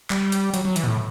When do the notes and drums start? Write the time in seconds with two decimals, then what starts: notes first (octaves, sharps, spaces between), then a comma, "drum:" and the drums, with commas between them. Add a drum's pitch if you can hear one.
0.10 G3, drum: clap
0.32 drum: hi-hat
0.54 F#3, drum: hi-hat
0.65 F#3
0.76 E3, drum: hi-hat
0.83 B2
0.87 A2